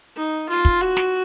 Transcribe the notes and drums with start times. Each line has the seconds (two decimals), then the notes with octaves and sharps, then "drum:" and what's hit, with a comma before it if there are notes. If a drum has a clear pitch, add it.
0.17 D#4
0.49 F4
0.65 drum: kick
0.81 F#4
0.97 drum: snare